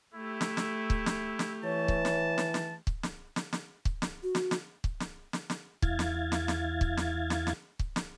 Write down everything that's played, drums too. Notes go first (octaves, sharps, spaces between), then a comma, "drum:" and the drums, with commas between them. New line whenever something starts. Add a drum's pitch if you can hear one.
A3 E4 G4
drum: snare
drum: snare
drum: kick
drum: snare
drum: snare
E3 C#5 A5
drum: kick
drum: snare
drum: snare
drum: snare
drum: kick
drum: snare
drum: snare
drum: snare
drum: kick
drum: snare
F#4
drum: snare
drum: snare
drum: kick
drum: snare
drum: snare
drum: snare
E2 E4 F5 G#6 A6, drum: kick
drum: snare
drum: snare
drum: snare
drum: kick
drum: snare
drum: snare
drum: snare
drum: kick
drum: snare